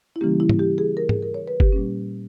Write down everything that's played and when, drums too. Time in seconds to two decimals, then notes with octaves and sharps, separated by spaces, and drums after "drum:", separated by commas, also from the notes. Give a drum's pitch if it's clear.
0.16 E4
0.21 C#3 E3 G3 A#3 C#4 G4
0.40 E4
0.49 drum: tom
0.59 G4
0.78 G#4
0.97 A#4
1.09 G#4, drum: tom
1.22 A#4
1.34 C#5
1.48 B4
1.60 G4, drum: kick F#1
1.72 A#2 G3 A#3 C#4